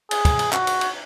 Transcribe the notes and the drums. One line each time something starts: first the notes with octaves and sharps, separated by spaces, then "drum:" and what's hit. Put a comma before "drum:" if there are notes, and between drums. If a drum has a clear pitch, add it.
G#4, drum: cymbal
drum: kick, cymbal
drum: cymbal
F#4, drum: clap
drum: cymbal
drum: cymbal